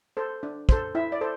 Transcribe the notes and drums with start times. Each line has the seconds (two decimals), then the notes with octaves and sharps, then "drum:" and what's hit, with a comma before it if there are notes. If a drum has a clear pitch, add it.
0.17 A4 C5
0.43 D4
0.69 A4 C5, drum: kick
0.95 E4 E5
1.12 D5
1.21 A4 C5